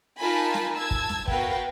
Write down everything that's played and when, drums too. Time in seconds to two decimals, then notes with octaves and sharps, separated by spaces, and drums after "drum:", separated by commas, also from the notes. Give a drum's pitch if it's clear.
0.18 D#4 F4 A#4 G#5 A5 B5
0.54 drum: snare
0.75 A5 E6 G#6
0.91 drum: kick
1.09 drum: snare
1.28 B3 F#4 A#4 B4 F5 G5, drum: kick